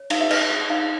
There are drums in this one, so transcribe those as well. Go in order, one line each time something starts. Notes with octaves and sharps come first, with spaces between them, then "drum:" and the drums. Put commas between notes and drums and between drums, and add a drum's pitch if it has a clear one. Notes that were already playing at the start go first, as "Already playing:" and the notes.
Already playing: C#5
D#4 F5, drum: cymbal
E5
B4 D#5, drum: cymbal
G#4
D#4 F5